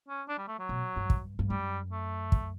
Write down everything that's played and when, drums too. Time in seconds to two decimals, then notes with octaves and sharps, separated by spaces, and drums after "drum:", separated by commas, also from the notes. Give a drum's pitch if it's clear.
0.08 C#4
0.28 D4
0.38 G3
0.48 A3
0.59 F#3
0.69 B2
0.96 G2
1.10 drum: kick
1.39 G2
1.50 F#2 G3
1.92 A3
2.32 drum: kick